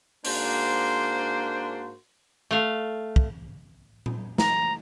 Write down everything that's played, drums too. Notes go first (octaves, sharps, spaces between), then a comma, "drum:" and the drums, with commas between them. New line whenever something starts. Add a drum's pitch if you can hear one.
G#2 A#3 D4 F#4 C5, drum: open hi-hat
A3 F5
drum: kick
drum: tom A#2
A#5, drum: snare